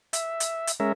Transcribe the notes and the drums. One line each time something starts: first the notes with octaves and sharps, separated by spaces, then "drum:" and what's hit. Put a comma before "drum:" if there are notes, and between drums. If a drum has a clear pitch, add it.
E5, drum: hi-hat
drum: hi-hat
drum: hi-hat
G#3 C#4 A#4 E5